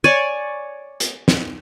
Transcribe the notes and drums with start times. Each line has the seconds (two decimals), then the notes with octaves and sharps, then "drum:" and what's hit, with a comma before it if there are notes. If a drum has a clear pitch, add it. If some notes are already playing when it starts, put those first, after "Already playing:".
0.04 C#5 D5 G#5
1.00 drum: hi-hat
1.28 drum: snare